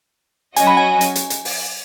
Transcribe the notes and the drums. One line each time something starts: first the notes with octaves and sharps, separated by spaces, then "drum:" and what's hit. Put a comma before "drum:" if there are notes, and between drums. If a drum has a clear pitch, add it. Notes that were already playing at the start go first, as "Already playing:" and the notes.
F#3 C#4 F#4 D#5 G#5, drum: hi-hat
B5
G#5
drum: hi-hat
drum: hi-hat
drum: hi-hat
drum: open hi-hat